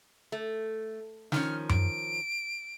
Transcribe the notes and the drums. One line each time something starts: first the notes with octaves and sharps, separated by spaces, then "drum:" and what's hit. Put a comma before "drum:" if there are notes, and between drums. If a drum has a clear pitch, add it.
A3
D#3 F3 C#4 F6, drum: snare
D7, drum: tom F#2